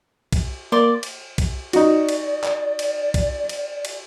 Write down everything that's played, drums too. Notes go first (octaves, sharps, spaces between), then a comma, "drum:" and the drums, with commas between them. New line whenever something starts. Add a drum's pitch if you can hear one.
drum: kick B1, cymbal
A#3 D5 C6 D6
drum: cymbal
drum: kick B1, cymbal
D#4 F#4 D5, drum: cymbal
drum: cymbal
drum: clap
drum: cymbal
drum: kick B1, cymbal
drum: cymbal
drum: cymbal